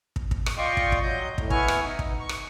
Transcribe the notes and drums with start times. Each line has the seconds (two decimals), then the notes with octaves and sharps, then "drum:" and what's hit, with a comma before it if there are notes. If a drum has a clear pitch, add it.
0.16 drum: kick
0.31 drum: kick
0.46 drum: rim click
0.58 F4 D5 D#5 G5 C6 C#6
0.77 drum: kick
0.92 drum: kick
1.03 F#3 D#5 G6
1.38 A2, drum: kick
1.50 B3 E4 G#5 C#6 F6, drum: kick
1.68 drum: rim click
1.85 D#4
1.99 drum: kick
2.20 C#6
2.29 drum: rim click